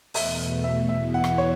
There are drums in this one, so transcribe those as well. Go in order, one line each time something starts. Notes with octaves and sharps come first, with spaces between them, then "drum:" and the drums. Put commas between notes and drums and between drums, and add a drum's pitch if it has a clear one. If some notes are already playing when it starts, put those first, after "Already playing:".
E2 B2 A3 E5, drum: open hi-hat
E5
E2 B2 B3 E4 E5
F#5
drum: rim click
C#5